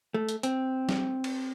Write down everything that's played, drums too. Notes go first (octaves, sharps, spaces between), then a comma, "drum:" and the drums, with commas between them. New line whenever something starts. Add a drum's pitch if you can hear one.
A3
drum: hi-hat
C4, drum: hi-hat
drum: snare
drum: cymbal